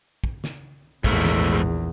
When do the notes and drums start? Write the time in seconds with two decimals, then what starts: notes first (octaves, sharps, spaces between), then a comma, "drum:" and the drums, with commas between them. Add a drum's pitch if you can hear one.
0.24 drum: kick
0.44 drum: snare
1.04 A#1 E2 G#2 A3 A#3, drum: kick
1.25 drum: snare